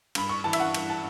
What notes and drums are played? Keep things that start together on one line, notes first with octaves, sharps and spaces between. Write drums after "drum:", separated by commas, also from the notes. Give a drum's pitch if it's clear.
G2 B5, drum: cymbal
C#6
E3 A5
E5, drum: cymbal
F#5
G2, drum: cymbal
A5